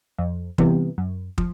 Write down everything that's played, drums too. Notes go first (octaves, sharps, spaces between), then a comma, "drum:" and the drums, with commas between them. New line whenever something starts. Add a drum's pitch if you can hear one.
F2
C3 E3 G3 B3, drum: kick
F#2
F3, drum: kick